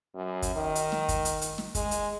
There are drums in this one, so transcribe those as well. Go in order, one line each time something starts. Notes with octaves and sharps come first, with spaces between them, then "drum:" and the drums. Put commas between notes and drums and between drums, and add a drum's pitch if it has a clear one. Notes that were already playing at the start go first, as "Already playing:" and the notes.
F#2
drum: kick, hi-hat
D#3
drum: hi-hat
drum: snare
drum: kick, hi-hat
drum: hi-hat
drum: hi-hat
drum: snare
G#3, drum: kick, hi-hat
drum: hi-hat